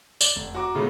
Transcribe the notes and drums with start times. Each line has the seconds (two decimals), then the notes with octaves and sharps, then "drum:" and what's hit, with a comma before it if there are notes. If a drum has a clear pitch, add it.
0.21 D5, drum: tambourine
0.36 F1
0.55 F#4 A#5 D6
0.75 A#2 C#3 G#3 A3 B3